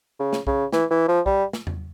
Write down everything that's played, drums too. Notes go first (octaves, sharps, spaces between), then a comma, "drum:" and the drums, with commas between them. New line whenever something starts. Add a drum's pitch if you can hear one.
C#3
drum: snare
C#3, drum: kick B1
E3, drum: snare
E3
F3
G3, drum: kick B1
drum: snare
drum: tom E2